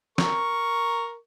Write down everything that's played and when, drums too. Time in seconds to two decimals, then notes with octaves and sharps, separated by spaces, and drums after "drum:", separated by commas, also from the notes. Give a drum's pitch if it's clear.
0.18 A#4 C#6, drum: snare